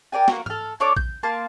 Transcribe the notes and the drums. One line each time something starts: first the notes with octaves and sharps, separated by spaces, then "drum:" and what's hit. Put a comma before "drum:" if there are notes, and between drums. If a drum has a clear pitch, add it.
A#4 D5 G5 G#5
A#3 F#4, drum: snare
A4 F6, drum: tom G#2
D4 A4 C#5 D6
G6, drum: kick
A#3 A5 C6